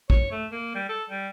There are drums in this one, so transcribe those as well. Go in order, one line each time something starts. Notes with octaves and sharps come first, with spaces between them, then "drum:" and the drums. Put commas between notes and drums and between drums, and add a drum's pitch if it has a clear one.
C#5, drum: kick
A3
A#3
G3
A4
G3